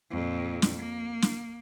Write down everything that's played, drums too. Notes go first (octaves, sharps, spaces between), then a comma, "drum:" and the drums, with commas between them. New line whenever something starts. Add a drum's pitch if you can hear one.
F2 A#2
drum: snare
A#3
drum: snare